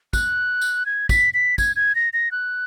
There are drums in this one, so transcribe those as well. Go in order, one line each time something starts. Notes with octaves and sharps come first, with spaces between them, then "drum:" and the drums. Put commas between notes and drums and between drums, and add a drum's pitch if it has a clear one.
F#6, drum: kick, tambourine
drum: tambourine
G#6
B6, drum: kick, tambourine
B6
G#6, drum: kick, tambourine
G#6
A#6
A#6
F#6